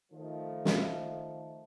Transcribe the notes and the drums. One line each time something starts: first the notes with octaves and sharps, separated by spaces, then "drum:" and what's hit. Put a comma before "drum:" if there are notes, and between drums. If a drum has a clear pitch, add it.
D#3 F3 A3
drum: snare